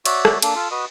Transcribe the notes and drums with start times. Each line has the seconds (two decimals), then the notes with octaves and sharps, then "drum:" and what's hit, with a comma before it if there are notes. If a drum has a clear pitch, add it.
0.05 F#4 C#5 D5 E5, drum: cymbal
0.25 drum: rim click
0.42 A#3 D4 A4, drum: cymbal
0.55 F4 A4
0.71 F#4 B4 D#5 D#6